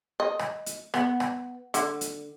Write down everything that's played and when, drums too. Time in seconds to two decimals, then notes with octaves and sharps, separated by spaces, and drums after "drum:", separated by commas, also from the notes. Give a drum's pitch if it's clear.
0.20 D#5
0.39 drum: rim click
0.66 drum: hi-hat
0.94 B3, drum: rim click
1.20 drum: rim click
1.74 D3, drum: hi-hat
2.01 drum: hi-hat